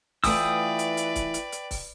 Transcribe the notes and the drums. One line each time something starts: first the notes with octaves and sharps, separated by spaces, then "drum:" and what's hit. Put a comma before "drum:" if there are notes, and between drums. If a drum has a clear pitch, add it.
E3 A3 F4 B4 D5 G5 D#6 E6, drum: kick C#1, open hi-hat
drum: hi-hat
drum: hi-hat
drum: kick C#1, hi-hat
drum: hi-hat
drum: hi-hat
drum: kick C#1, open hi-hat